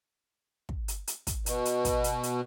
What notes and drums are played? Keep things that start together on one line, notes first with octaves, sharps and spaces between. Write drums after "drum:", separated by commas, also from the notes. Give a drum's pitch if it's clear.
drum: kick
drum: hi-hat
drum: hi-hat
drum: kick, hi-hat
B2, drum: hi-hat
drum: hi-hat
drum: kick, hi-hat
drum: hi-hat
drum: hi-hat